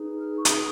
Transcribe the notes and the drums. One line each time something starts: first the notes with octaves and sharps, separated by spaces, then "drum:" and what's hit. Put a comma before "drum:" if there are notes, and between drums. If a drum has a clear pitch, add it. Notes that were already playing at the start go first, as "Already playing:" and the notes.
Already playing: D#4 G#4 B4
F6
C#6
D#6, drum: hi-hat